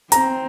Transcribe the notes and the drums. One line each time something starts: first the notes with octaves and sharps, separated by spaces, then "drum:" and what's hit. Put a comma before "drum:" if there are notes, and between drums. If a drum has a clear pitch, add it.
C4 A#5, drum: hi-hat